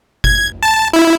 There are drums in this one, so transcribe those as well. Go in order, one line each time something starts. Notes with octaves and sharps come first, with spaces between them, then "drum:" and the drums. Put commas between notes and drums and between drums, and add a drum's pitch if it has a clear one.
G#6, drum: kick F#1
A5
E4